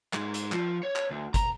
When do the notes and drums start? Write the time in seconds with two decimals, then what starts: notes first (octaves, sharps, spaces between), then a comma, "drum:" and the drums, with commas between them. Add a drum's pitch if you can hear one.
0.13 G#2 G#3, drum: clap
0.34 drum: hi-hat
0.52 F3, drum: clap
0.83 C#5
0.96 drum: clap
1.11 D2
1.34 A#5, drum: kick G1, hi-hat